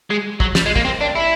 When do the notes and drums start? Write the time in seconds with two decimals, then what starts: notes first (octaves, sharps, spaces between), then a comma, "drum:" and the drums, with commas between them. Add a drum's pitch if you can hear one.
0.10 G#3
0.40 F#3, drum: kick
0.55 G3, drum: snare
0.66 G#3
0.76 A#3, drum: kick
0.85 C4
1.01 D4
1.16 E4